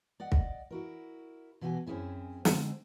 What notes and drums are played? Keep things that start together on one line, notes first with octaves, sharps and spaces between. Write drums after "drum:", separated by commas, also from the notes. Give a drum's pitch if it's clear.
D5 D#5 F#5
drum: kick
E4 F#4 A#4
B2 E3 F#4 G4 B4 G#5
F#2 C4 C#4 E4 G#4 E5
D3 G#3 C4 D#4 G#4, drum: snare